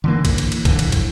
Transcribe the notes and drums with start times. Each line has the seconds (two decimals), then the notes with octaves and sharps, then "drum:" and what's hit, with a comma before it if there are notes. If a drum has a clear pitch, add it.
0.04 D3 E3 A#3
0.25 drum: kick, cymbal
0.38 drum: cymbal
0.52 drum: cymbal
0.65 F#1 D2 D3 E3, drum: kick, cymbal
0.79 drum: cymbal
0.92 drum: kick, cymbal